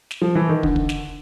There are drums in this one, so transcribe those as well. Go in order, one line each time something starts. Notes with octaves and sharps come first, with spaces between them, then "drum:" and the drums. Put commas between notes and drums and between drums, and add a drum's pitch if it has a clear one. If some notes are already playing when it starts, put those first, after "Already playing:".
drum: snare
F3
E3
D#3
D3, drum: kick
drum: kick
drum: snare